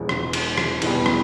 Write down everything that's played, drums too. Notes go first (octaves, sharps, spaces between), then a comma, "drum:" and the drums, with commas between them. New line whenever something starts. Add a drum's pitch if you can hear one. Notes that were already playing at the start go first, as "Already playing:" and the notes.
Already playing: E1 E2 F3 G#3
drum: rim click
drum: cymbal
drum: rim click
E2 B2 G3, drum: cymbal
drum: rim click